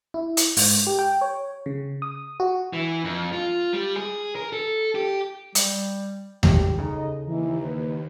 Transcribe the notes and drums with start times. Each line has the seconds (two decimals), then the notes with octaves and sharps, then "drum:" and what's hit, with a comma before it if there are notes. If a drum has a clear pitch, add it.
0.14 E4
0.37 drum: hi-hat
0.57 G#2, drum: open hi-hat
0.87 G4
0.99 G5
1.21 C#5
1.66 C#3
2.02 D#6
2.40 F#4
2.73 E3
3.04 F2
3.32 F4
3.73 G3
3.96 G#4
4.36 A#4
4.53 A4
4.95 G4
5.55 G3, drum: hi-hat
6.43 G#1 D#3 F#3 G3, drum: tom D#2
6.79 D#2 C#3 D#4 A4 D#5
7.26 D#2 E3 D#4
7.62 B4